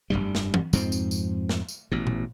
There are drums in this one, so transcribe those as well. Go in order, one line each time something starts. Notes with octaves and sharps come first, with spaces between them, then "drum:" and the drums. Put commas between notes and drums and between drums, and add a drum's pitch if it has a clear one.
F1 C#2 G2 G3
drum: snare
drum: tom E3
F2 G#2 F3 C4, drum: tambourine
drum: tambourine
drum: tambourine
drum: snare
drum: tambourine
A1 B2
drum: tom A#2